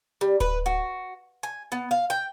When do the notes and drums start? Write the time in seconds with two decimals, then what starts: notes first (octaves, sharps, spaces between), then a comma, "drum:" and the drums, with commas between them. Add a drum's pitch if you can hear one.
0.21 G3
0.40 B4, drum: kick D1
0.66 F#4
1.43 G#5
1.72 B3
1.91 F5
2.10 G5